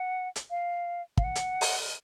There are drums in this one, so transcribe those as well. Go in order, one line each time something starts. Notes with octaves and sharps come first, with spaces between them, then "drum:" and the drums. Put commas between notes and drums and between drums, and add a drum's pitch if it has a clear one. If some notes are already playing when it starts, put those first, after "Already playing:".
Already playing: F#5
drum: hi-hat
F5
F5, drum: kick
F#5
drum: hi-hat
drum: open hi-hat